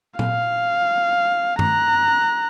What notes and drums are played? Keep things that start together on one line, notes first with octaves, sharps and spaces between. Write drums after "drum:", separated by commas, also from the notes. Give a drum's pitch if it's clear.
F5, drum: tom A#2
A#5 F#6, drum: tom G2